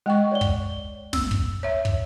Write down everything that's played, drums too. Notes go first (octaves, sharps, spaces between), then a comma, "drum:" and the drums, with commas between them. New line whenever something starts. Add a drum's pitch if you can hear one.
G#3 D#5 F#5 G5 C#6
C#5 D5 G7
drum: kick
E6, drum: snare
drum: kick
C#5 E5
drum: kick